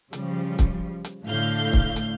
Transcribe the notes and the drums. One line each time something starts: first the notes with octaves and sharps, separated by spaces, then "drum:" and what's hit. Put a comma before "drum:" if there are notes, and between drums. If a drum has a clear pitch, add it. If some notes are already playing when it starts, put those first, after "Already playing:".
C#3 F3 G3, drum: hi-hat
drum: kick C#1, hi-hat
drum: hi-hat
A2 D3 A3 F5 G6
drum: kick C#1
drum: hi-hat